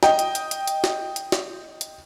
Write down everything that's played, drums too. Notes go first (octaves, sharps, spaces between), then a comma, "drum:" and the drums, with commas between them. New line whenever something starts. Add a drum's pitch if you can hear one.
D#5 G5, drum: snare
drum: hi-hat
drum: hi-hat
drum: hi-hat
drum: hi-hat
drum: snare
drum: hi-hat
drum: snare
drum: hi-hat